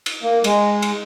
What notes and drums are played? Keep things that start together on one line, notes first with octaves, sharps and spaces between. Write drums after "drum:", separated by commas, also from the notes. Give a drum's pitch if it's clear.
drum: cymbal
A#3
G#3, drum: cymbal
drum: cymbal